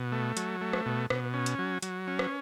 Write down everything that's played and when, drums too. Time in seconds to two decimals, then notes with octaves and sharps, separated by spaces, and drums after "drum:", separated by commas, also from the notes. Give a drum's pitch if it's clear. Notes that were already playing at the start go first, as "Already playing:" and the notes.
Already playing: B2
0.12 A3
0.37 F#3, drum: hi-hat
0.61 A3
0.73 drum: rim click
0.86 B2
1.10 B2, drum: rim click
1.34 C#4
1.46 drum: hi-hat
1.59 F#3
1.82 F#3, drum: hi-hat
2.08 C#4
2.19 drum: rim click